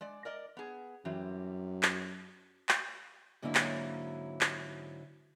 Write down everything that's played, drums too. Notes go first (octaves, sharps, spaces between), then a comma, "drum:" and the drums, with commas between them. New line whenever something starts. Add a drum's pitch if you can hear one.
G#3 D5
A#4 D5 D#5
B3 G#4
F#2 E3 G3 C4
drum: clap
drum: clap
G#2 D3 F#3 A#3 C#4 E4
drum: clap
drum: clap